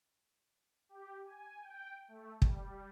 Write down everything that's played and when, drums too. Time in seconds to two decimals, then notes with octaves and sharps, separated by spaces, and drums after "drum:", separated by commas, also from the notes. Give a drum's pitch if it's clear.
0.89 G4
1.25 G#5
1.61 G5
2.08 A3
2.42 G3, drum: kick